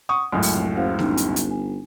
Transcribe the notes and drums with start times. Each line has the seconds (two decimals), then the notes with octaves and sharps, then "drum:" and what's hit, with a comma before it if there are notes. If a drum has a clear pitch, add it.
0.09 F#5 C#6 D#6
0.32 C#2 F#2 A2 D#6
0.42 drum: open hi-hat
0.54 F1
0.76 F#1 C5 F5 F#5
0.99 G1 C#4 D#4, drum: snare A3
1.17 drum: hi-hat
1.36 drum: hi-hat
1.51 G#5